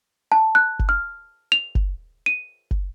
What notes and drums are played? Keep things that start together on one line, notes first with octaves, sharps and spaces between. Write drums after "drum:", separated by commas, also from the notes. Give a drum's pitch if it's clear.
A5
F#6
drum: kick F#1
F6
F7
drum: kick F#1
D#7
drum: kick F#1